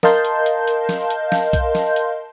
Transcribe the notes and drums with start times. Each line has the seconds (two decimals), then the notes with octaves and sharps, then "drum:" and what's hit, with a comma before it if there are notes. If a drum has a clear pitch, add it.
0.03 A#4 D#5 F5 A5 C6 G6, drum: snare
0.25 drum: hi-hat
0.46 drum: hi-hat
0.67 drum: hi-hat
0.89 drum: snare
1.10 drum: hi-hat
1.32 drum: snare
1.53 drum: kick B1, hi-hat
1.75 drum: snare
1.96 drum: hi-hat